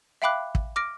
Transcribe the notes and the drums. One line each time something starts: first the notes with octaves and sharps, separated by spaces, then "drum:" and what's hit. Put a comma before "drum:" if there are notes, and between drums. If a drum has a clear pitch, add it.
E5 F5 G5 B5 D6 F#6
drum: kick
D6 F6 A#6 D7